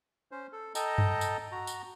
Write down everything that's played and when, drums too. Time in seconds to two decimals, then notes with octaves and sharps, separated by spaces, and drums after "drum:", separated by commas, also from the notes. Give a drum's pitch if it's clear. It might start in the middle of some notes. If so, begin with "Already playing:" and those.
0.31 C#4 C5
0.53 A4
0.75 A4 D#5 G5 A5 A#5, drum: tambourine
0.98 drum: tom F#2
1.21 drum: tambourine
1.52 F#4 A#5
1.67 drum: tambourine